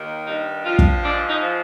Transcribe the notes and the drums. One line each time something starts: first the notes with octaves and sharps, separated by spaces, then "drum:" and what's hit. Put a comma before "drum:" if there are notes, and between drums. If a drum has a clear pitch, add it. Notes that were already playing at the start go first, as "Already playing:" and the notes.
Already playing: D#2 D#3
G2 D#4
F3 F4
drum: kick
G#2 D4
D#4
F3